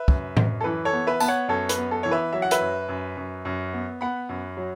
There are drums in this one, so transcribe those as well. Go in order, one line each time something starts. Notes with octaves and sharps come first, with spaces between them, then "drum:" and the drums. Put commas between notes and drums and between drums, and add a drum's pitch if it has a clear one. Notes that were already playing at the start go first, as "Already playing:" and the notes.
Already playing: B4 E5
F#2, drum: kick
F#2, drum: tom A2
A4
E3 B4
A4 C#5
B3
B4 E5
B3 A5, drum: tambourine
C#5 F#5
F#2 A4 C#5
B4, drum: hi-hat
B3
A4
E3 C#5
B4 E5
F#3 E5
F#5
B4 E5, drum: hi-hat
F#2
F#2
F#2
F#2
B3
B3 F#5 B5
F#2
F#3